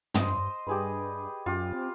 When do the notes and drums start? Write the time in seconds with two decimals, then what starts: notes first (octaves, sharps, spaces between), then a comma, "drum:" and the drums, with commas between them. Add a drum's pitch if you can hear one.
0.14 G2 C5 D#5 C6, drum: tom
0.67 G2 G4 G#4 B4
1.46 F#2 F4 G4
1.73 C4